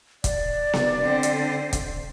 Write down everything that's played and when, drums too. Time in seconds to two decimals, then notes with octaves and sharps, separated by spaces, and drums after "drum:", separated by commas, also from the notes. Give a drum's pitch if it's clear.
0.24 D5, drum: kick E1, hi-hat
0.73 drum: snare B3
1.00 D3 C4
1.23 drum: hi-hat
1.73 drum: kick E1, hi-hat